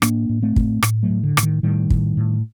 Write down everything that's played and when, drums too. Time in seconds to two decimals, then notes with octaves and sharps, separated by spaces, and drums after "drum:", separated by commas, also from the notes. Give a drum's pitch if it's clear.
0.02 A2 A#3 D4, drum: rim click
0.29 A2
0.42 A3 C4
0.56 A2, drum: kick
0.83 A2, drum: rim click
1.03 F#3 A3
1.10 A2
1.23 D3
1.37 A2, drum: rim click
1.43 D#3
1.63 A2 D#3 G3
1.90 A2, drum: kick
2.17 A2